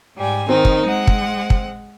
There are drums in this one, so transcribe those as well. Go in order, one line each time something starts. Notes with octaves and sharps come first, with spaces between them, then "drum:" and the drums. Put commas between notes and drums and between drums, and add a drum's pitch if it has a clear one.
G#2 G3 G#5
D#3 C4 D#4
drum: kick
G#3 F#5
drum: kick
drum: kick